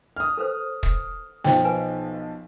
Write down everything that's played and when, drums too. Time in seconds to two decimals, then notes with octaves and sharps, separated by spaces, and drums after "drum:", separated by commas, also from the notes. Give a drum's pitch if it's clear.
0.16 D#6 F6
0.37 A4 B4 C5
0.83 drum: kick
1.44 B1 F3 G5, drum: snare
1.65 B4 G#5